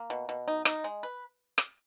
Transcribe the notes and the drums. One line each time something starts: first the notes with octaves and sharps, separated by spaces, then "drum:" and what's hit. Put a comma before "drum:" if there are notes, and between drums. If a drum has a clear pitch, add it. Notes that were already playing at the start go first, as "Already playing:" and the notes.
Already playing: A#3
B2
B2
D#4
D#4, drum: rim click
G#3
B4
drum: rim click